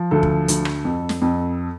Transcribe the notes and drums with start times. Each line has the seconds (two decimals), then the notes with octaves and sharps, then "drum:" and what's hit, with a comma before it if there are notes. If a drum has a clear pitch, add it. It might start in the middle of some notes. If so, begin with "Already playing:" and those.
Already playing: F3
0.11 D2 A4
0.23 drum: kick
0.48 D2, drum: hi-hat
0.65 drum: rim click
0.85 F2
1.09 drum: snare
1.22 F2